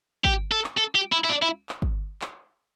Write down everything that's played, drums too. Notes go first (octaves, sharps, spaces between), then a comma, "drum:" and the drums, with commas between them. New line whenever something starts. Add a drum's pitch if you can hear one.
G4, drum: kick
A4
drum: clap
A4
G4
E4
E4
D4
E4
drum: clap
drum: kick
drum: clap